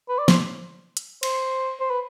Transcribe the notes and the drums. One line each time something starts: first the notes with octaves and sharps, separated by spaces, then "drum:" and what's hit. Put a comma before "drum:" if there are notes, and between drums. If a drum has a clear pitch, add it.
B4
D5
C5, drum: snare
drum: hi-hat
C5, drum: cymbal
C5
B4